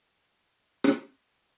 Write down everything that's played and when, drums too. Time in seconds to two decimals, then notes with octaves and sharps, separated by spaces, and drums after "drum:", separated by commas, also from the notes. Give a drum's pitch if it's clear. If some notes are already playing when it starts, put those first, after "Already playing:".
0.18 D5
0.57 D#5
0.84 drum: rim click